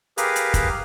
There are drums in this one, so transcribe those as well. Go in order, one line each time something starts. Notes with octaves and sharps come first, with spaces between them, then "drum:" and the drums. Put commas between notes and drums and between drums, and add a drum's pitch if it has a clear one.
G4 G#4 A#4 B4 F5, drum: hi-hat
drum: hi-hat
drum: kick, hi-hat